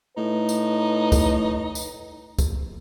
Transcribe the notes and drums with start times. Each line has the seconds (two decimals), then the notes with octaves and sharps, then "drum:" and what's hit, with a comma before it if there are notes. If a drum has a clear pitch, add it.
0.17 A2 D#4 B4
0.49 drum: tambourine
1.12 drum: kick, tambourine
1.75 drum: tambourine
2.39 drum: kick, tambourine